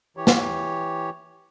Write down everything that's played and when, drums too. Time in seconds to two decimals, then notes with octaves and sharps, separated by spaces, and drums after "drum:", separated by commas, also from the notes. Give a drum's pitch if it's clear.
0.17 E3 G4 C#5
0.27 drum: snare